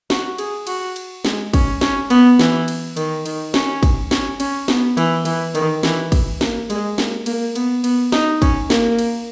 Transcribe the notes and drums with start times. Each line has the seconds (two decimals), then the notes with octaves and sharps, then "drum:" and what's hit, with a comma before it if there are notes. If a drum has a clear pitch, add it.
0.10 F#4, drum: snare
0.38 G#4, drum: cymbal
0.67 F#4, drum: cymbal
0.96 drum: cymbal
1.25 G#3, drum: snare
1.54 C#4, drum: kick, cymbal
1.81 C#4, drum: snare
2.10 B3, drum: cymbal
2.39 E3, drum: snare
2.68 drum: cymbal
2.97 D#3, drum: cymbal
3.26 D#3, drum: cymbal
3.54 C#4, drum: snare
3.83 drum: kick, cymbal
4.11 C#4, drum: snare
4.40 C#4, drum: cymbal
4.68 B3, drum: snare
4.97 E3, drum: cymbal
5.25 E3, drum: cymbal
5.55 D#3, drum: cymbal
5.83 E3, drum: snare
6.12 drum: kick, cymbal
6.41 A#3, drum: snare
6.70 G#3, drum: cymbal
6.98 A#3, drum: snare
7.26 A#3, drum: cymbal
7.55 B3, drum: cymbal
7.84 B3, drum: cymbal
8.12 D#4, drum: snare
8.42 C#4, drum: kick, cymbal
8.70 A#3, drum: snare
8.99 drum: cymbal